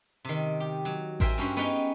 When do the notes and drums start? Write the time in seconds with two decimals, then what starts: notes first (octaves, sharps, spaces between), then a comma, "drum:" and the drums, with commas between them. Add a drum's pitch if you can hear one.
0.25 C3 D#3
0.60 G4
0.85 F#3
1.20 A#4 C5 E5 G5 G#5, drum: kick A1
1.38 G2 C#4 F#4 C5
1.56 B3 C#4 D#4 G#4 B4 G5